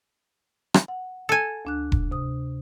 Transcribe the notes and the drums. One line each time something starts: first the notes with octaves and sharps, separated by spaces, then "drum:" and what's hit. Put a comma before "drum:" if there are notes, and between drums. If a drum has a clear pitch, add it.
drum: rim click
F#5
A4 G#5
D2 D4 F#6
drum: kick E1
C3 D#6